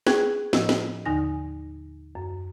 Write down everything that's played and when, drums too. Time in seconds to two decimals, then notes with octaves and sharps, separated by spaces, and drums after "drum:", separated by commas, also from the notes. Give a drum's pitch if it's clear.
0.07 G#4 B4 G5 C#6 F#6 G#6, drum: snare
0.53 A2 F3 G4 D#5 E6, drum: snare
0.69 drum: snare
1.06 D#2 D3 D#4 G#5 A#6
2.15 F#2